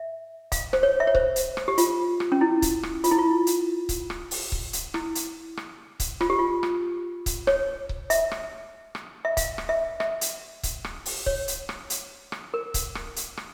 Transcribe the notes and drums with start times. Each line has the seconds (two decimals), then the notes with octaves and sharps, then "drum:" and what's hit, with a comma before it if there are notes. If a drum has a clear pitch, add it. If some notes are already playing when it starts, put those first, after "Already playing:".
Already playing: E5
0.52 F5, drum: kick C#1, hi-hat
0.73 C5, drum: rim click
0.83 C#5
1.00 E5
1.07 C#5
1.15 C5, drum: kick C#1
1.36 drum: hi-hat
1.57 drum: rim click
1.68 G4
1.78 F4, drum: hi-hat
2.20 drum: rim click
2.32 C#4
2.41 E4
2.62 drum: kick C#1, hi-hat
2.83 drum: rim click
3.04 F4, drum: hi-hat
3.11 E4
3.18 F4
3.47 drum: hi-hat
3.89 drum: kick C#1, hi-hat
4.10 drum: rim click
4.31 drum: open hi-hat
4.52 drum: kick C#1
4.73 drum: hi-hat
4.94 E4, drum: rim click
5.15 drum: hi-hat
5.57 drum: rim click
6.00 drum: kick C#1, hi-hat
6.21 F4, drum: rim click
6.30 G4
6.39 F4
6.63 drum: rim click
7.26 drum: kick C#1, hi-hat
7.47 C#5, drum: rim click
7.89 drum: kick C#1
8.10 E5, drum: hi-hat
8.31 drum: rim click
8.95 drum: rim click
9.25 E5
9.37 F5, drum: kick C#1, hi-hat
9.58 drum: rim click
9.69 E5
10.00 E5, drum: rim click
10.21 drum: hi-hat
10.63 drum: kick C#1, hi-hat
10.84 drum: rim click
11.06 drum: open hi-hat
11.26 C#5, drum: kick C#1
11.48 drum: hi-hat
11.69 drum: rim click
11.90 drum: hi-hat
12.32 drum: rim click
12.54 A#4
12.74 drum: kick C#1, hi-hat
12.95 drum: rim click
13.16 drum: hi-hat
13.37 drum: rim click